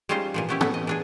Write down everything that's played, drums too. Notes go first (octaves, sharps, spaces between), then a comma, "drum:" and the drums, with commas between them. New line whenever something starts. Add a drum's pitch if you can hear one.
G3 G#3 C#4 D#4 F4 C5
A#2 E3 F3
G3 B3 C#4 E4 G4
A2 B3, drum: tom
D#5
E3 D4 G#4